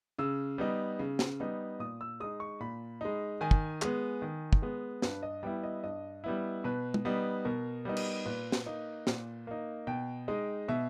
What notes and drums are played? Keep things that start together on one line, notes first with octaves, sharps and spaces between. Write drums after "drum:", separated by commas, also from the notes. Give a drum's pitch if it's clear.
C#3 E6
G3 B3 D#4
C#3
drum: snare
G3 B3 D#4
A#2 D#6
E6
G#3 D#4 D#6
C#6
A#2 B5
G#3 D#4
D#3 G#5
drum: kick
G#3 B3, drum: clap
D#3
drum: kick
G#3 B3
G2 B4, drum: snare
D#5
G3 B3 E4 G5
D#5
G2 D#5
G3 B3 E4
B2 B4
drum: tom
G3 B3 D#4
B2 A#4
G3 B3 D#4
drum: cymbal
A#2 B4
drum: snare
A#3 D#4
A#2, drum: snare
A#3 D#4
B2 G5
G#3 D#4
B2 E5